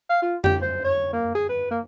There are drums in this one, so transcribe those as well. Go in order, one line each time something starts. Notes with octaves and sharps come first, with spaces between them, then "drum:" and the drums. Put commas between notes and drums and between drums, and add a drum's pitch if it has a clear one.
F5
F4
G4, drum: tom F2
C5
C#5
A#3
G#4
B4
A#3